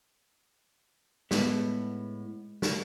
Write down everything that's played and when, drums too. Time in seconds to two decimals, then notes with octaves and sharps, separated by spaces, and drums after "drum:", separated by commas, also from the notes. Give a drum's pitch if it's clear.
1.31 A2 G#3 B3, drum: snare
2.62 drum: snare